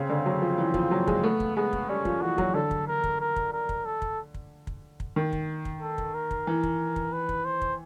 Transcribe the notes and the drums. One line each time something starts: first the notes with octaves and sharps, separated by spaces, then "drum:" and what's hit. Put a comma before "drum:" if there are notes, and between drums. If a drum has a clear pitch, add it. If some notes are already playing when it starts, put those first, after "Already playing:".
Already playing: C#3 C4
D3
F#3
F3
E3
F3, drum: kick
F#3
G#3, drum: kick
A3 B3
drum: kick
G#3 B3
drum: kick
G3 C#4
F3, drum: kick
E3 F#4
F#3, drum: kick
D3 A4
drum: kick
A#4
drum: kick
A#4
drum: kick
A#4
drum: kick
A4
drum: kick
drum: kick
drum: kick
drum: kick
D#3
drum: kick
drum: kick
A4
drum: kick
A#4
drum: kick
E3
drum: kick
drum: kick
B4
drum: kick
C5
drum: kick